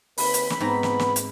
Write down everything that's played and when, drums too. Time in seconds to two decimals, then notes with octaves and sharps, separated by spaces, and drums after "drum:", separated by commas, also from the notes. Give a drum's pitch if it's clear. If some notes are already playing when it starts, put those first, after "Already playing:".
0.18 D#2 C4 B4 B5, drum: open hi-hat
0.34 drum: hi-hat
0.50 drum: snare
0.60 G#2 B3 C4 A#5
0.83 drum: snare
0.99 drum: snare
1.16 drum: hi-hat